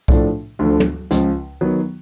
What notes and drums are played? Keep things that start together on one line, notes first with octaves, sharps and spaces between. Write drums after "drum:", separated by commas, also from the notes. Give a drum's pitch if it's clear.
A2 F3 A3 D4, drum: kick B1
D2 D3 F3 A3
drum: tom
C#2 C#3 F3, drum: snare
D#3 F#3 B3